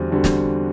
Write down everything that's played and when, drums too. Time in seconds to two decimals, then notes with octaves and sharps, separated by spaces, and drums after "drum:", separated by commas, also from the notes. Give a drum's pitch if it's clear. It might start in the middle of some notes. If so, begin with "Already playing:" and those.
Already playing: E2 D3 G3 C4 F#4
0.11 E2 D3 G3 C4 F#4
0.24 drum: snare